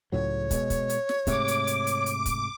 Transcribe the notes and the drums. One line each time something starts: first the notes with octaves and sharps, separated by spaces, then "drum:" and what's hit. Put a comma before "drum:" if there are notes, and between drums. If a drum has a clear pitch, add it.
C#2 A2 F#3 C#5
B2 G#3, drum: kick, hi-hat
drum: kick, hi-hat
drum: hi-hat
drum: snare
G#2 C3 A3 D6, drum: kick, hi-hat
drum: hi-hat
drum: hi-hat
drum: hi-hat
drum: hi-hat
drum: kick, hi-hat